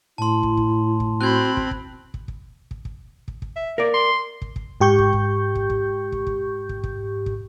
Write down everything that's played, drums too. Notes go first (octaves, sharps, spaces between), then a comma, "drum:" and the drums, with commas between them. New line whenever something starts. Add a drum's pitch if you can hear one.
A2 E4 A5 C6
drum: kick
drum: kick
drum: kick
C4 F#4 B5 F#6 G#6
drum: kick
drum: kick
drum: kick
drum: kick
drum: kick
drum: kick
drum: kick
drum: kick
E5
A#3 A#4 D5
C6
drum: kick
drum: kick
G#2 G4 C#6 G6
drum: kick
drum: kick
drum: kick
drum: kick
drum: kick
drum: kick
drum: kick
drum: kick
drum: kick